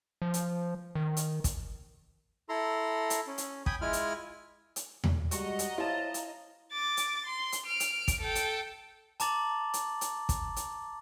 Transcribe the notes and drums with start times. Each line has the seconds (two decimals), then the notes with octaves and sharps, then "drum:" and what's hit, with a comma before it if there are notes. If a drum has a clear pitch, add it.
0.22 F3
0.34 drum: hi-hat
0.95 D#3
1.17 drum: hi-hat
1.44 drum: kick, hi-hat
2.49 E4 A4 A#5 C6
3.10 drum: hi-hat
3.27 C#4
3.38 drum: hi-hat
3.66 G5 G#5 B5 D#6, drum: kick
3.82 G#3 E4 F4 G#5 F6
3.93 drum: hi-hat
4.76 drum: hi-hat
5.04 drum: tom E2
5.31 G3 G#3 F#4 D#5 A#5 C#6, drum: hi-hat
5.59 drum: hi-hat
5.78 E4 F4 C5 C#5 F5 A5
6.14 drum: hi-hat
6.72 D6 A6
6.97 drum: hi-hat
7.26 C6
7.52 drum: hi-hat
7.66 F6 D7
7.80 drum: hi-hat
8.08 drum: kick, hi-hat
8.21 A4 G5
8.35 drum: hi-hat
9.20 A5 A#5 D6 A6 F#7, drum: hi-hat
9.74 drum: hi-hat
10.01 drum: hi-hat
10.29 drum: kick, hi-hat
10.56 drum: hi-hat